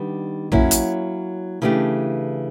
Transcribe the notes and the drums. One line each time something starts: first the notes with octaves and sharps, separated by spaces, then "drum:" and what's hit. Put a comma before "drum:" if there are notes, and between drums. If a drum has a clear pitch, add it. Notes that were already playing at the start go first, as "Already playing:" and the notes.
Already playing: D#3 G3 B3 D4
F#3 A#3 C#4 E4, drum: tom
drum: hi-hat
C#3 E3 A3 D4 G4